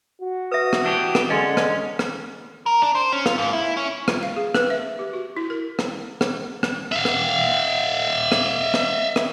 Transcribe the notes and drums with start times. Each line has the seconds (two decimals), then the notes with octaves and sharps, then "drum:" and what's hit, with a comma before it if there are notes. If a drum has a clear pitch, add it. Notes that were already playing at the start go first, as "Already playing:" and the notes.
0.22 F#4
0.52 B4 E5 D#6
0.73 drum: rim click
0.84 E3 D4 G4
1.15 drum: rim click
1.30 D3 G#3 C#4 D#5 G#5 C6
1.57 drum: rim click
1.99 drum: rim click
2.66 A#4
2.82 D4
2.95 C5
3.12 C#4
3.26 F4, drum: rim click
3.38 G#2
3.53 E4
3.77 C#4
4.08 F4, drum: rim click
4.23 F5
4.36 G#4
4.55 B4, drum: rim click
4.70 E5
4.99 G4
5.13 F#4
5.37 E4
5.50 A#4
5.79 drum: rim click
6.21 drum: rim click
6.63 drum: rim click
6.92 E5 F5
7.05 drum: rim click
8.32 drum: rim click
8.74 drum: rim click
9.16 drum: rim click